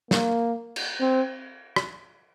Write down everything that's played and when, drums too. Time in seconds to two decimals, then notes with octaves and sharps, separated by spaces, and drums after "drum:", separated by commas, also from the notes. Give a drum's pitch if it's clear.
0.11 A#3, drum: snare
0.76 drum: cymbal
1.01 C4
1.76 drum: rim click